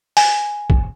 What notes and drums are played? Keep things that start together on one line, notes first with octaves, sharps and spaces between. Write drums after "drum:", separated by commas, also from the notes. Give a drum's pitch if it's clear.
G#5, drum: open hi-hat
drum: kick